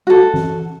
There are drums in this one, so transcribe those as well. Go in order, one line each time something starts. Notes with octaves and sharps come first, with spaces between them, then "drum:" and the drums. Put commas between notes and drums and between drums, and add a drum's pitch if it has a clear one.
F#4 A4
drum: tom E3